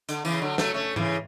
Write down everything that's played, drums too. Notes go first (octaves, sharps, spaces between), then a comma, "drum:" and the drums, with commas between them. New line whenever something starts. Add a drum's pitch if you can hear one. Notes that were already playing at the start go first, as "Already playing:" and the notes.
D3, drum: hi-hat
C#3 E3, drum: tambourine
D3 F#3
F#3 A3, drum: snare
A3 C#4
C#3 E3, drum: tom G#2